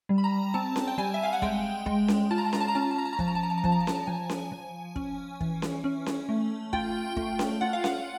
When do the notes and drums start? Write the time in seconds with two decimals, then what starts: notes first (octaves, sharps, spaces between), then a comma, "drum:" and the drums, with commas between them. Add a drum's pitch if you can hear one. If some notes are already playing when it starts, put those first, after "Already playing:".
0.09 G3
0.18 B5
0.24 A#5
0.54 C4 A5
0.76 drum: snare C#4
0.88 G5
0.98 G3 G#5
1.14 E5
1.23 F5
1.33 F#5
1.42 G#3 G5, drum: kick
1.86 G#3, drum: kick
2.08 drum: snare C#4
2.31 F4 A5
2.38 A#5
2.46 A5
2.53 A#5, drum: snare C#4
2.60 A5
2.68 A#5
2.75 C#4 A5
2.82 A#5
2.91 A5
2.98 A#5
3.05 A5
3.13 A#5
3.19 F3 A5, drum: kick
3.28 A#5
3.35 A5
3.43 A#5
3.50 A5
3.58 A#5
3.64 F3 A5, drum: kick
3.72 A#5
3.80 A5
3.87 A#5, drum: snare C#4
3.95 A5
4.07 F3 G#5
4.29 drum: snare C#4
4.52 F3
4.96 C#4, drum: kick
5.41 E3, drum: kick
5.62 drum: snare C#4
5.84 C#4
6.06 drum: snare C#4
6.29 A3
6.73 F4 G5, drum: kick
7.17 A3, drum: kick
7.39 drum: snare C#4
7.61 F4 F#5
7.73 F5
7.84 F#5, drum: snare C#4